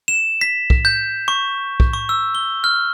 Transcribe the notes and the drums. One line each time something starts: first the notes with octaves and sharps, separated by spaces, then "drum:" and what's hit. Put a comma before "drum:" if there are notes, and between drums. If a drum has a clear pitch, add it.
E7
B6
drum: kick B1
G6
C#6
drum: kick B1
C#6
E6
G7
F6